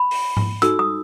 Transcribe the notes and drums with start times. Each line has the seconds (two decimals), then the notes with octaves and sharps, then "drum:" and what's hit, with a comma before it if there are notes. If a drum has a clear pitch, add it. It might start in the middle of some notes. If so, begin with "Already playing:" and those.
Already playing: B5
0.11 drum: open hi-hat
0.37 drum: tom G#2
0.62 D#4 F#4 A4 E6, drum: hi-hat
0.79 D#6